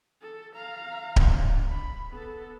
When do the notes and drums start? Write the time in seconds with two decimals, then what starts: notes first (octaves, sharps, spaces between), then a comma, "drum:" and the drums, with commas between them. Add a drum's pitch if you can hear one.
0.22 A4
0.54 F5 A#5
1.16 drum: kick D1
1.31 D4
1.69 B5
2.09 B3 A4